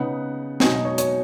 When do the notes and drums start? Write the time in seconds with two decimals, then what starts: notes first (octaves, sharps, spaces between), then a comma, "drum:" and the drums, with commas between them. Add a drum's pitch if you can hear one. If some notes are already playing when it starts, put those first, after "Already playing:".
Already playing: C#3 B3 D#4 F#5
0.60 B2 F#3 D#4 G#5, drum: snare
0.73 D#5
0.85 C#5
0.98 C#5, drum: hi-hat